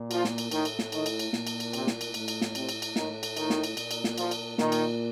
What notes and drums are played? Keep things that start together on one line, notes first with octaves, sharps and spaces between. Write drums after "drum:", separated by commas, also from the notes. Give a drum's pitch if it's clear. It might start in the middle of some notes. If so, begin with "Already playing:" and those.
Already playing: A#2
F3 F4, drum: cymbal
drum: snare
drum: cymbal
A2 D#3 D#4, drum: cymbal
drum: cymbal
drum: snare
D#3 D#4, drum: cymbal
drum: cymbal
drum: cymbal
A#2, drum: snare
drum: cymbal
drum: cymbal
C3 C4, drum: cymbal
drum: snare
drum: cymbal
A2, drum: cymbal
drum: cymbal
drum: snare
C3 C4, drum: cymbal
drum: cymbal
drum: cymbal
A2 D#3 D#4, drum: snare
drum: cymbal
D#3 D#4, drum: cymbal
drum: snare
drum: cymbal
A#2, drum: cymbal
drum: cymbal
drum: snare
F3 F4, drum: cymbal
drum: cymbal
A#2 D#3 D#4, drum: snare
drum: cymbal